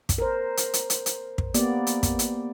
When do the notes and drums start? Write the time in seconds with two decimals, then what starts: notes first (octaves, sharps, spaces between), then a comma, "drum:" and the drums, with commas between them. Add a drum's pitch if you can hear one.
0.09 drum: kick, hi-hat
0.18 A#4 C5
0.57 drum: hi-hat
0.74 drum: hi-hat
0.90 drum: hi-hat
1.06 drum: hi-hat
1.38 drum: kick
1.54 A#3 B3 G4 D5, drum: hi-hat
1.87 drum: hi-hat
2.03 drum: kick, hi-hat
2.19 drum: hi-hat